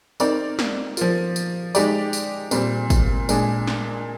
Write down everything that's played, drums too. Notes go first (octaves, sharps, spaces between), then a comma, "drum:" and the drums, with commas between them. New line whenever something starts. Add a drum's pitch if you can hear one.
C4 D#4 A#4 D5, drum: tambourine
drum: snare
F3 A#3 F4, drum: tambourine
drum: tambourine
G#3 D#4 G4 D5, drum: tambourine
drum: tambourine
A#2 G3 C4, drum: tambourine
drum: kick, tambourine
A#2 G#3 D4 G#4, drum: tambourine
drum: snare